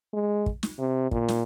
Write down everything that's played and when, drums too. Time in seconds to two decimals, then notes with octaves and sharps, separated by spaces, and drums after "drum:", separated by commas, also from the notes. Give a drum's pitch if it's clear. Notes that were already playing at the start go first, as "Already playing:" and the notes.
0.13 G#3
0.46 drum: kick
0.63 drum: snare
0.79 C3
1.11 A#2, drum: kick
1.28 drum: snare